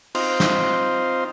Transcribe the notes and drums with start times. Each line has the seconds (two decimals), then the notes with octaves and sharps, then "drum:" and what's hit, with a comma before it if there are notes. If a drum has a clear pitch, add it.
0.15 C4 D#4 F4 C5, drum: cymbal
0.40 drum: snare